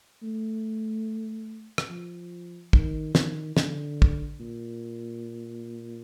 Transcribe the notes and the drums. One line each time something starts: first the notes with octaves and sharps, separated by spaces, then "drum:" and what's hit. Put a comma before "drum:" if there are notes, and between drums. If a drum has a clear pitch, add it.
A3
drum: rim click
F3
D#3, drum: kick
D#3, drum: snare
D3, drum: snare
drum: kick
A#2